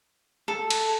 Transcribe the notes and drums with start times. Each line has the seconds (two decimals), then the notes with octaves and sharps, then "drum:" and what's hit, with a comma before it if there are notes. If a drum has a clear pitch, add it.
0.48 A4
0.70 drum: cymbal